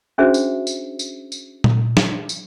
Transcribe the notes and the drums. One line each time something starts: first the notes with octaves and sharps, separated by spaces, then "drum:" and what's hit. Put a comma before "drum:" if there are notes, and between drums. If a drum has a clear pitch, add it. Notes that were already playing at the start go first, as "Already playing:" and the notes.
C#4 D4 F#4 G#4 C5 E5
drum: tambourine
drum: tambourine
drum: tambourine
drum: tambourine
drum: tom A#2
drum: snare
drum: tambourine